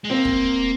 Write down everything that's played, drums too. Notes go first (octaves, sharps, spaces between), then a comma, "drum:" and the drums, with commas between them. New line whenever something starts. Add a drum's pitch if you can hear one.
G#3
A#3 C4
drum: kick